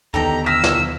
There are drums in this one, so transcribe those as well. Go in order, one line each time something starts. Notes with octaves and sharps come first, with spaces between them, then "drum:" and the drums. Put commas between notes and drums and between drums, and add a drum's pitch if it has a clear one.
D#2 D3 B3 D#4 G4 A4 A#5
F5 E6 A#6 B6
drum: snare